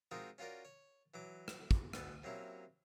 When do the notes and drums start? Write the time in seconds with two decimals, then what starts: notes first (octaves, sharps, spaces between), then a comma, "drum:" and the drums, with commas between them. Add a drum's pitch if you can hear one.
0.11 G#3 C4 D#4 F4 F#4 A#4
0.38 C#4 F4 F#4 A#4 D5
0.65 C#5
1.14 E3 F#3 D6
1.48 drum: rim click
1.71 drum: kick
1.93 D2 B2 B3 A4, drum: rim click
2.24 C3 F#3 A#3 C#4 E4